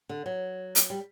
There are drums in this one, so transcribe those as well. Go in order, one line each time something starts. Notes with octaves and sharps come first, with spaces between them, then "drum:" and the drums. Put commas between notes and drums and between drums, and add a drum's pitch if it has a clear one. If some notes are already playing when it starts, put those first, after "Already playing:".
D3
F#3
drum: hi-hat
G3